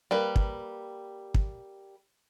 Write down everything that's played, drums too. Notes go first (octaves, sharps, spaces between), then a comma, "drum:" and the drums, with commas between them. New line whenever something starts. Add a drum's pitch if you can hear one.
G3 A#3 B4
drum: kick
drum: kick